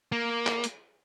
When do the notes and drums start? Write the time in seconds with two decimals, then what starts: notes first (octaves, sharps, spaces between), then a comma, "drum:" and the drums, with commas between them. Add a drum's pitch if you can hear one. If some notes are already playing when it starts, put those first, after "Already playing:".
0.12 A#3
0.47 drum: clap
0.64 drum: hi-hat